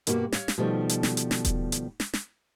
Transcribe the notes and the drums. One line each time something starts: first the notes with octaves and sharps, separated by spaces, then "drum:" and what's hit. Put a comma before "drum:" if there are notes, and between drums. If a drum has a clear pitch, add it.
G2 B2 A#3 F#4 G4, drum: hi-hat
C#5 F5, drum: snare
drum: snare
B2 D#3 F3 G3 A3
drum: hi-hat
drum: snare
drum: hi-hat
drum: snare
drum: kick D#1, hi-hat
drum: hi-hat
drum: snare
drum: snare